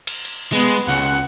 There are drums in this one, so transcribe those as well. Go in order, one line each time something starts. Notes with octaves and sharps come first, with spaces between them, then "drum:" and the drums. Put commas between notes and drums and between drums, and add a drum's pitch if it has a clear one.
drum: cymbal
drum: hi-hat
G#3 B3
C#2 F#5